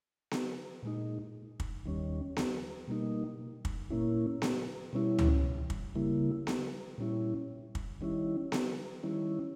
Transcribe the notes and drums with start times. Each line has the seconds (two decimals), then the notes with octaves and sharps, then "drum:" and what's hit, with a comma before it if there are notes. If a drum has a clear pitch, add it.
0.31 drum: snare B3
0.83 A#2 G#3 D#4
1.60 drum: kick
1.85 D#2 D#3 G3 C#4
2.37 drum: snare B3
2.88 B2 G3 A#3 D#4
3.65 drum: kick
3.90 A#2 A#3 C#4 E4
4.42 drum: snare B3
4.93 B2 G3 C#4 E4
5.19 drum: tom C#2
5.70 drum: kick
5.95 C#3 G3 A#3 E4
6.47 drum: snare B3
6.98 A#2 G3 C#4 E4
7.75 drum: kick
8.01 D#3 G3 C#4 E4
8.52 drum: snare B3
9.03 D#3 G3 C#4 E4